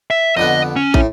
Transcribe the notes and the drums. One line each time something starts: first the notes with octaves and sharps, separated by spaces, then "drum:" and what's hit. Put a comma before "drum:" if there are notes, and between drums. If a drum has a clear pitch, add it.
E5
F2 D3 B3 D#5
C#4
A2, drum: kick